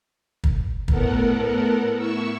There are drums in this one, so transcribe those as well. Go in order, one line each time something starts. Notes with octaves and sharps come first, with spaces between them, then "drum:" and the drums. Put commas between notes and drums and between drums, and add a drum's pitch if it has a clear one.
drum: kick
A2 B3 A4 A#4 F#5, drum: kick
E4 C#6 E6